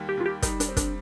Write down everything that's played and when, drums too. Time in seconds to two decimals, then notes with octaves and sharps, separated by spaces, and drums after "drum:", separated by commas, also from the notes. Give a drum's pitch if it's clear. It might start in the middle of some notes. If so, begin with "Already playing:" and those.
Already playing: D#2 G3
0.09 G4
0.17 D#2 F4
0.26 G4
0.42 G3 D#4, drum: kick, hi-hat
0.60 D4, drum: hi-hat
0.68 C4
0.77 D4, drum: kick, hi-hat